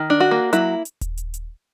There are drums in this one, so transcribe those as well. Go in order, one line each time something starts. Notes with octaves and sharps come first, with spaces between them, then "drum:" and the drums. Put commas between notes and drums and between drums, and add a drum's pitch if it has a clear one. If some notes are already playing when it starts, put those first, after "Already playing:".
Already playing: D#3
D4
F#4
A#3
F#3 E4, drum: hi-hat
drum: hi-hat
drum: kick D#1, hi-hat
drum: hi-hat
drum: hi-hat